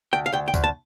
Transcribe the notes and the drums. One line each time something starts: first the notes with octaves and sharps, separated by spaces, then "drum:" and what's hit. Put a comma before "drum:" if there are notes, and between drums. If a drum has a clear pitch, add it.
D2 G5
F5
D2 G5
G5
D2, drum: kick D2, tambourine
A5